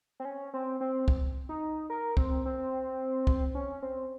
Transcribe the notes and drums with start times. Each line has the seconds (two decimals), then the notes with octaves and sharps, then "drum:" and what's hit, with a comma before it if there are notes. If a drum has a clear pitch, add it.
0.20 C4
0.25 C#4
0.54 C4
0.81 C4
1.08 drum: kick
1.49 D#4
1.90 A#4
2.17 C4, drum: kick
2.45 C4
3.27 drum: kick
3.55 C#4
3.82 C4